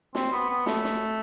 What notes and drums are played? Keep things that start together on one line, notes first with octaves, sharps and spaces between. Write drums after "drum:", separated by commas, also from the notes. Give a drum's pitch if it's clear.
C4, drum: snare
B3
B3
A3, drum: snare
drum: snare